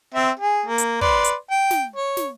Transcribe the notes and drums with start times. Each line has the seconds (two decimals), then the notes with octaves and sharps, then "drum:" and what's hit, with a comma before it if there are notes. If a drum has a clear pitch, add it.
0.14 C4 E5
0.40 G#4
0.66 A#3
0.78 drum: hi-hat
1.01 B4 D5 C6, drum: kick
1.24 drum: hi-hat
1.51 G5
1.71 drum: snare
1.96 C#5
2.17 drum: snare